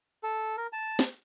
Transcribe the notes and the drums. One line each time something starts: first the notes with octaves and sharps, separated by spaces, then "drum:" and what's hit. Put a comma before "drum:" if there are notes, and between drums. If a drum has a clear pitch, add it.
A4
A#4
A5
drum: snare